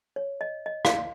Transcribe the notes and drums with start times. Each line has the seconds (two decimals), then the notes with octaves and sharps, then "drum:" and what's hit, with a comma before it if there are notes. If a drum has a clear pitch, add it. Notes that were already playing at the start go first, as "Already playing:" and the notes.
0.16 C#5
0.41 D#5
0.66 D#5
0.85 F5, drum: rim click